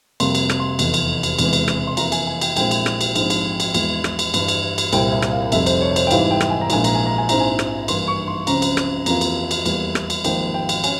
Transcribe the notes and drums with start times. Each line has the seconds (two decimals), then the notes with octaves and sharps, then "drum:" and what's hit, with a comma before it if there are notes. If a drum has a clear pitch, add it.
0.20 F2 C3 G3 A#3 C6, drum: cymbal
0.35 drum: cymbal
0.49 drum: rim click
0.60 C6
0.79 F1 E2 E3, drum: cymbal
0.94 drum: cymbal
1.23 drum: cymbal
1.39 E1 E2 C3 E3 G#3, drum: cymbal
1.53 drum: cymbal
1.68 drum: rim click
1.87 C6
1.97 F2 E3 A#3 E4 A#5, drum: cymbal
2.12 G#5, drum: cymbal
2.27 G#5
2.41 G5, drum: cymbal
2.56 A#1 A#2 G#3 C4 E4 G5, drum: cymbal
2.71 drum: cymbal
2.86 drum: rim click
3.01 drum: cymbal
3.16 A#1 G#2 F3 G#3 C4, drum: cymbal
3.30 drum: cymbal
3.60 drum: cymbal
3.74 E2 E3 G#3, drum: cymbal
4.04 drum: rim click
4.19 drum: cymbal
4.34 G2 E3 G3, drum: cymbal
4.48 drum: cymbal
4.78 drum: cymbal
4.93 C2 A#2 G3 C4 E4 G5, drum: cymbal
5.12 E5
5.22 drum: rim click
5.32 F5
5.52 F1 F2 C3 G3 E5, drum: cymbal
5.66 C5, drum: cymbal
5.81 C#5
5.96 C5, drum: cymbal
6.07 G5
6.11 G#2 E3 G3 C4 E4 F5, drum: cymbal
6.31 G5
6.41 drum: rim click
6.50 G#5
6.61 A#5
6.70 A#1 A#2 G#3 E4 G#5, drum: cymbal
6.84 A#5, drum: cymbal
6.95 G#5
7.06 A#5
7.18 G#5
7.29 A#1 G#2 F3 C4 E4 A#5, drum: cymbal
7.40 G#5
7.59 drum: rim click
7.88 G2 E3 A#3 C6, drum: cymbal
8.08 C#6
8.28 C6
8.47 C#2 C#3 F3 C4 A#5, drum: cymbal
8.62 drum: cymbal
8.77 drum: rim click
9.06 F2 E3 A#3 F4 A#5, drum: cymbal
9.21 drum: cymbal
9.51 drum: cymbal
9.66 E2 E3 G3 A#3, drum: cymbal
9.95 drum: rim click
10.10 drum: cymbal
10.24 G#1 G#2 F3 A#3 G5, drum: cymbal
10.54 G5
10.69 drum: cymbal
10.84 C#4 G#5, drum: cymbal